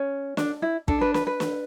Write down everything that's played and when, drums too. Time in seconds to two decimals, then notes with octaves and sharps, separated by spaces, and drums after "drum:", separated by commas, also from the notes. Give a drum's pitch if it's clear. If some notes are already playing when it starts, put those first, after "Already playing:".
Already playing: C#4
0.37 D4, drum: snare
0.62 E4
0.88 D4 A4, drum: kick
1.01 B4
1.14 B4, drum: snare
1.27 B4
1.40 drum: snare